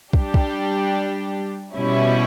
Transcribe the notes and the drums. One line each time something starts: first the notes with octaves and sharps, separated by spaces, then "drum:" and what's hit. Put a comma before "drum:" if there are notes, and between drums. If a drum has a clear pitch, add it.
G3 D4 G4, drum: kick
drum: kick
B2 G3 C#4 E4